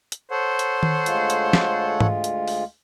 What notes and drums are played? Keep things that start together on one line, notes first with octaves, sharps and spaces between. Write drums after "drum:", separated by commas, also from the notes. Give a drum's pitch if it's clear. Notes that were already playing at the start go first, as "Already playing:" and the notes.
drum: hi-hat
A4 C5 C#5 F#5
drum: hi-hat
drum: tom D#3
D2 G#3 F4, drum: hi-hat
drum: hi-hat
drum: snare
drum: tom G#2
drum: hi-hat
drum: open hi-hat